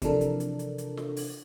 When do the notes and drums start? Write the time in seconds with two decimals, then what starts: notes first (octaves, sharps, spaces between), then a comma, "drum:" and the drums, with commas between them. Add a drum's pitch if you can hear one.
0.02 C3 E3 F3 D4 A4 A#4, drum: kick, hi-hat
0.21 drum: hi-hat
0.40 drum: hi-hat
0.59 drum: hi-hat
0.78 drum: hi-hat
0.97 drum: snare
1.17 drum: open hi-hat